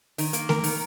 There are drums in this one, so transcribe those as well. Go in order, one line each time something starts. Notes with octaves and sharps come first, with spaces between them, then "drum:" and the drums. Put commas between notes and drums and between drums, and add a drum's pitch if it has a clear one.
D#3, drum: open hi-hat
A#3, drum: hi-hat
A#4, drum: snare A3
D#3, drum: open hi-hat